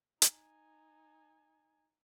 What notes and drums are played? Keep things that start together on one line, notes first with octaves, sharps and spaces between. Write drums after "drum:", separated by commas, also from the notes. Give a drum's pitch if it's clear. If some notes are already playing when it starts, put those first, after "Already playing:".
D#4 G#5, drum: hi-hat